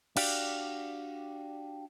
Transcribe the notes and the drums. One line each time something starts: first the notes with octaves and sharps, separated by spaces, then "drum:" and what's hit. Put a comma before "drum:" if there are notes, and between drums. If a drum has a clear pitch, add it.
D4 F#4 G4 D5 F5, drum: cymbal